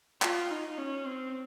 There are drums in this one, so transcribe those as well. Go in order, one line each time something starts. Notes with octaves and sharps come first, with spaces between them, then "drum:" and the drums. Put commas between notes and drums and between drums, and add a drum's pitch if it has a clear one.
F4, drum: clap
D#4
C#4
C4